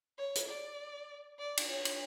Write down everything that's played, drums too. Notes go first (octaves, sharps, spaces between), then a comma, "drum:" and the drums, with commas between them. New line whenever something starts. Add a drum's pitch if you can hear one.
C#5
drum: hi-hat
D5
D5
drum: cymbal
C#5
drum: cymbal